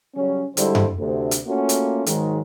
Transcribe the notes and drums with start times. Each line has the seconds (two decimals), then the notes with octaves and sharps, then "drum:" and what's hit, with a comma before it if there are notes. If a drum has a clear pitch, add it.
0.15 C#3 F#3 G3 C#4
0.57 D3 G3 G#3 E4 A4 C5, drum: hi-hat
0.75 drum: tom F#2
0.99 D2 C3 A3
1.31 drum: hi-hat
1.46 A3 A#3 C#4 F4 F#4
1.69 drum: hi-hat
2.06 G#2 D#3 F#3 G#3, drum: hi-hat